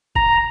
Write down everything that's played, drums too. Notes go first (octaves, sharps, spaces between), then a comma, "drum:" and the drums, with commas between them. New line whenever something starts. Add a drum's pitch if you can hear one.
A#5, drum: kick